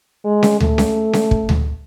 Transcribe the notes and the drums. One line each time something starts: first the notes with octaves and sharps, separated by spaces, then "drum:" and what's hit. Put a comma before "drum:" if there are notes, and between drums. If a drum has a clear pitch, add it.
G#3
drum: snare C#4
A3, drum: tom D2
drum: snare C#4
drum: snare C#4
drum: kick
drum: tom D2